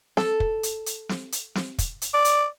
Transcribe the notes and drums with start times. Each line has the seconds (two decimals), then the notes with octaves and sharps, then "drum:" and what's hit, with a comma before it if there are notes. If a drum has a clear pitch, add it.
0.17 A4, drum: snare
0.40 drum: kick
0.63 drum: hi-hat
0.86 drum: hi-hat
1.09 drum: snare
1.32 drum: hi-hat
1.55 drum: snare
1.78 drum: kick, hi-hat
2.02 drum: hi-hat
2.14 D5
2.25 drum: hi-hat